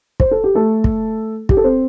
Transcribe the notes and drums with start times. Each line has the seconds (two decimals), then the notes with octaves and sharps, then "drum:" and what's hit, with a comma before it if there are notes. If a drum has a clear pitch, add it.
0.20 C5, drum: kick
0.31 A4
0.44 G4
0.55 A3 A4
0.84 drum: kick
1.49 G4, drum: kick
1.57 A4
1.64 C4 C5